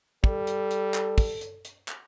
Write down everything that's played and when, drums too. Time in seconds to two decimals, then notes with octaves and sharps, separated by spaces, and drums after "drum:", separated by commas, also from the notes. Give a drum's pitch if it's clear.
0.24 G3 A4, drum: kick
0.47 drum: hi-hat
0.71 drum: hi-hat
0.94 drum: clap
1.18 drum: kick, open hi-hat
1.41 drum: hi-hat
1.65 drum: hi-hat
1.88 drum: clap